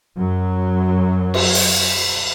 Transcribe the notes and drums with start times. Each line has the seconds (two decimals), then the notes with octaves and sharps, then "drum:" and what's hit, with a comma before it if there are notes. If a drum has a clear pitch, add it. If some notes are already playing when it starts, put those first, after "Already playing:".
0.17 F#2 F#3
1.34 drum: cymbal
1.55 drum: open hi-hat